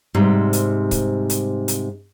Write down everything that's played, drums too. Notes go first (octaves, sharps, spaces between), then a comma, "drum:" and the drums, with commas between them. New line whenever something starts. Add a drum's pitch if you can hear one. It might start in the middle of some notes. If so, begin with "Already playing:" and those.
G#2 C3 G3
drum: hi-hat
drum: kick C#1, hi-hat
drum: hi-hat
drum: hi-hat